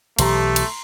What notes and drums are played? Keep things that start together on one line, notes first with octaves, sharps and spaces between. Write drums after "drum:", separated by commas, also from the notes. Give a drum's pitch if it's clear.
B1 E3 A3 G4 A#5 C6, drum: cymbal
drum: cymbal